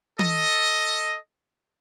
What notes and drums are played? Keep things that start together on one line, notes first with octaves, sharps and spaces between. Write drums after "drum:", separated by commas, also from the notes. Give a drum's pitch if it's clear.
A4 D#5, drum: tom